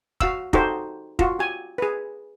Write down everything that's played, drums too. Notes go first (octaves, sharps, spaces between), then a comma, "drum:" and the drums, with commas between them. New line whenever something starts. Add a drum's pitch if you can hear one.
F#4 F5 E6, drum: kick
D#4 F#4 G4 A4 C5, drum: kick
F4 F#4, drum: kick
G4 G#5
G#4 B4